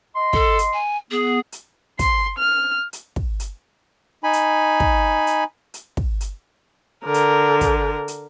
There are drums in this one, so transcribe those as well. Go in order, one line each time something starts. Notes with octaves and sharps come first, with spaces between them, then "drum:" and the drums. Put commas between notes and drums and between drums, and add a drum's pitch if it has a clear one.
D#5 C6
A4, drum: kick
drum: hi-hat
G#5
B3 G#4
drum: hi-hat
C6, drum: kick, hi-hat
F6
drum: hi-hat
drum: kick
drum: hi-hat
D#4 G#5 B5
drum: hi-hat
drum: kick
drum: hi-hat
drum: hi-hat
drum: kick
drum: hi-hat
D3 A#4
drum: hi-hat
drum: kick, hi-hat
drum: hi-hat